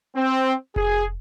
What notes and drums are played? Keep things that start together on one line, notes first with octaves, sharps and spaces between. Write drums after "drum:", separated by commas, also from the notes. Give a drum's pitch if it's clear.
C4
G#4, drum: kick F1